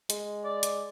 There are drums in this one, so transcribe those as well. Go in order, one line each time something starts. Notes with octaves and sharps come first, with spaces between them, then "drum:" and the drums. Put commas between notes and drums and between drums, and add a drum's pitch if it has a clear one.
G#3, drum: hi-hat
D5
drum: hi-hat